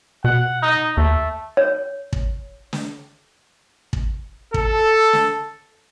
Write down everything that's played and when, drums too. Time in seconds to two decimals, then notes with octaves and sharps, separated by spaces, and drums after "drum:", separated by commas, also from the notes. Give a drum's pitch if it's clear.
0.24 B2 F#5
0.62 D#4
0.97 D#2 A3
1.57 C#5
2.13 drum: kick
2.73 drum: snare
3.93 drum: kick
4.54 A4, drum: kick
5.13 drum: snare